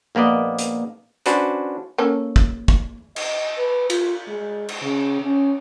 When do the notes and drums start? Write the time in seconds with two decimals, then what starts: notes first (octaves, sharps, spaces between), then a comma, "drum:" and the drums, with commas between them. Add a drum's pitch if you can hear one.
0.15 A#1 A#3 B3 D5 D#5
0.59 drum: hi-hat
1.26 C#4 D4 F#4 B4 C5, drum: hi-hat
1.98 A#3 C#4 A4
2.36 drum: kick
2.68 drum: kick
3.16 D#5, drum: cymbal
3.58 B4
3.90 F4, drum: cymbal
4.28 G#3
4.69 drum: cymbal
4.83 C#3
5.22 C#4